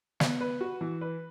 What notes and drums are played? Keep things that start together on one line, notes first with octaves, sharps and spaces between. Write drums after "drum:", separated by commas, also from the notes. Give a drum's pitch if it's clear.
B3, drum: snare
B4
F#4
E3
B4